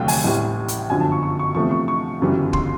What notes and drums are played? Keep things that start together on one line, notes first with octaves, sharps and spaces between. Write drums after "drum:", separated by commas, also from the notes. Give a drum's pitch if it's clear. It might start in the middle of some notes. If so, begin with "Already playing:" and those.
Already playing: F1 D#2 D3 F#3 A3 G5
G#5, drum: open hi-hat
A1 A2 E3 G3
drum: hi-hat
G1 F#2 D3 F3 G#5
A5
C#6
C#6
C#6
E2 C3 F3 A3 C#6
C#6
C#6
G1 F#2 C#3 E3 G3
C6, drum: kick